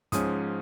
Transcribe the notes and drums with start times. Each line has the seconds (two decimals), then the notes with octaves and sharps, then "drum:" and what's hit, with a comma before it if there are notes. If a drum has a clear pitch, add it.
0.12 G#2 F3 G#3 C#4 D#6, drum: kick, hi-hat